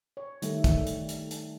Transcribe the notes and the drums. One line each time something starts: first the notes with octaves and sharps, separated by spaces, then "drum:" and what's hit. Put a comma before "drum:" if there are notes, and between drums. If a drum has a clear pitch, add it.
C#5
D#3 G3 A3, drum: hi-hat
drum: kick, hi-hat
drum: hi-hat
drum: hi-hat
drum: hi-hat